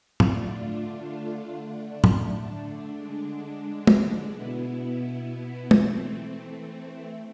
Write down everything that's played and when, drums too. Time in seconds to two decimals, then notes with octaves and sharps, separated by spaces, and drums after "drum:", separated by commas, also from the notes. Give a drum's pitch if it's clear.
0.20 D3 A3 D4 F4, drum: tom
1.58 D3 A3 D4
2.04 drum: tom
2.95 D3 G#3 D4
3.87 drum: tom
4.34 B2 B3 E4
5.71 E3 A3 C4, drum: tom